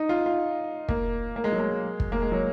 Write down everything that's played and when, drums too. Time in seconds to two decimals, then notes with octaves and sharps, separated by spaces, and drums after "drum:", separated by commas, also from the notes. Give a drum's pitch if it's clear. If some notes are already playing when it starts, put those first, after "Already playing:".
Already playing: D#4
0.09 F4
0.26 F4
0.89 A#3, drum: kick
1.36 A#3
1.44 G#3
1.52 F#3
1.60 G#3
2.00 drum: kick
2.12 A#3
2.22 G#3
2.32 F#3